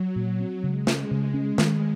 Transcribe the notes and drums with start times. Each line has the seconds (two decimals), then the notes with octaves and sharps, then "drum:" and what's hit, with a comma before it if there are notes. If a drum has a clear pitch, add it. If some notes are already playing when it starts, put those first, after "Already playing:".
Already playing: F#3
0.16 A#2
0.39 C4
0.63 C#3 G#3
0.87 C#4, drum: snare
1.11 C#3
1.34 C#4
1.58 D#3, drum: snare